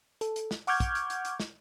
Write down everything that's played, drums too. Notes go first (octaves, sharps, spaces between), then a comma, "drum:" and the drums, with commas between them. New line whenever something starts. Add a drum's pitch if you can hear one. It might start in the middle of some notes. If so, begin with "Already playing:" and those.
A4, drum: hi-hat
drum: hi-hat
drum: snare
F#5 C#6 D6 F6 G6 G#6, drum: open hi-hat
drum: kick, hi-hat
drum: hi-hat
drum: hi-hat
drum: hi-hat
drum: snare